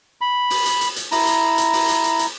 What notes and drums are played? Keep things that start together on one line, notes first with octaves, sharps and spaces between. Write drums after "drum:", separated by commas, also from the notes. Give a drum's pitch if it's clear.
B5
drum: open hi-hat
drum: hi-hat
drum: hi-hat
drum: hi-hat
E4 A#5, drum: open hi-hat
drum: hi-hat
drum: hi-hat
drum: open hi-hat
drum: hi-hat
drum: hi-hat
drum: hi-hat